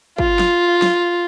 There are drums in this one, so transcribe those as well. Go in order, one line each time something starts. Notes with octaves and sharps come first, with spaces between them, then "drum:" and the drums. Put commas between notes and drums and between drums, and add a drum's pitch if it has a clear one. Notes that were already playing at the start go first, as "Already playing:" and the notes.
F4, drum: kick
drum: snare
drum: snare